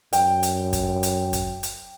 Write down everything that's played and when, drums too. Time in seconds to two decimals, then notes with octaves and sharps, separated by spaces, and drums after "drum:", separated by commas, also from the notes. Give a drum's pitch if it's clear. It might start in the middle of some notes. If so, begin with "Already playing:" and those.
0.13 F#2 G5, drum: hi-hat
0.43 drum: hi-hat
0.73 drum: kick, hi-hat
1.03 drum: hi-hat
1.33 drum: kick, hi-hat
1.63 drum: hi-hat